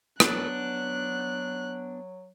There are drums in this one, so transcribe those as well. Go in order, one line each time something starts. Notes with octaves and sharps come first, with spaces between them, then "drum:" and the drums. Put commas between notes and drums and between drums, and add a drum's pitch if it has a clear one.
F#3 B3 D4 F#6, drum: rim click